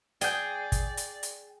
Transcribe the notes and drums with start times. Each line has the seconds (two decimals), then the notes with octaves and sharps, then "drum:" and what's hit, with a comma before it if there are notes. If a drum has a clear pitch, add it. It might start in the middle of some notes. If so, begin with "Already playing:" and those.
0.21 G#4 D5 G5 G6, drum: hi-hat
0.72 drum: kick, hi-hat
0.97 drum: hi-hat
1.23 drum: hi-hat